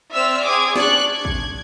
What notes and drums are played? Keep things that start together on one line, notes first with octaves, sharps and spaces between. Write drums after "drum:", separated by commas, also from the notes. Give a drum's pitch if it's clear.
C4 D5 E5 E6 F6
C4 G#4 D6 G#6
D4 D5 C#6 F#6, drum: snare
G#6
drum: kick